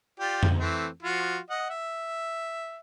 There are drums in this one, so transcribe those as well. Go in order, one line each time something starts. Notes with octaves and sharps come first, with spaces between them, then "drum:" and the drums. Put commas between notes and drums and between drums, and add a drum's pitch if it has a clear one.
F4 G4 D5
drum: tom F2
E3 A3 C4
F3 F4 F#4
D#5 F#5
E5